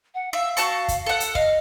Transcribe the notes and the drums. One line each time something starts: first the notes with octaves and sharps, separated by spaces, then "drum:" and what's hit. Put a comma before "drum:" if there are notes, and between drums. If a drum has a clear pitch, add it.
F#5
E5 F5
F#4 A5 C#6, drum: hi-hat
drum: kick, hi-hat
A4 F#5
drum: hi-hat
D#5 F5, drum: kick